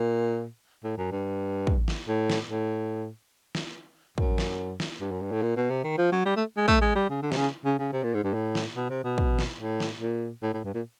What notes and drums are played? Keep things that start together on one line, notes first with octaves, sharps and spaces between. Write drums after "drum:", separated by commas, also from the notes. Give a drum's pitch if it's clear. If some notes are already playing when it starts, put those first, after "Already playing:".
Already playing: A#2
A2
F#2
G2
drum: kick
drum: snare
A2
drum: snare
A2
drum: snare
F#2, drum: kick
drum: snare
drum: snare
G2
F#2
G2
A2
A#2
B2
C3
D#3
F3
F#3
G3
A3
G#3
A3, drum: kick
G#3
G3
C#3
D3
C3, drum: snare
C#3
C#3
C#3
C3
A#2
G#2
G2
A2
drum: snare
B2
C3
B2
drum: kick
drum: snare
A2
drum: snare
A#2
A2
A2
G2
A#2